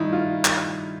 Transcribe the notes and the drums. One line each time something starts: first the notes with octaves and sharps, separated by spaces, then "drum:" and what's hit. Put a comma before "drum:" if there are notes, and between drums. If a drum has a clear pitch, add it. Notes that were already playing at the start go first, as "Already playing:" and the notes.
Already playing: G2 D#3 D#4 E4
F4
drum: clap